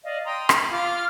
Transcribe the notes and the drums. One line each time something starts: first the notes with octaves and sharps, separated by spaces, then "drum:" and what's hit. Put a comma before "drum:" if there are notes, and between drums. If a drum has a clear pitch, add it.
D5 D#5 F5
G5 A#5 C6 D#6
B5, drum: rim click
F4 F5 D6 F6